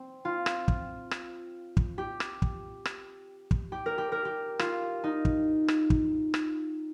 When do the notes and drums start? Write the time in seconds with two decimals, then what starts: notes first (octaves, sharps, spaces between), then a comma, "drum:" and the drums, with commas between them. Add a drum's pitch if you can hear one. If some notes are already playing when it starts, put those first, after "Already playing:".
Already playing: C4
0.25 F4
0.46 drum: rim click
0.68 drum: kick
1.11 drum: rim click
1.77 drum: kick
1.98 G4
2.20 drum: rim click
2.42 drum: kick
2.85 drum: rim click
3.51 drum: kick
3.72 G4
3.86 A#4
3.98 G4
4.12 A#4
4.25 G4
4.59 F4, drum: rim click
5.04 D#4
5.25 drum: kick
5.68 drum: rim click
5.90 drum: kick
6.34 drum: rim click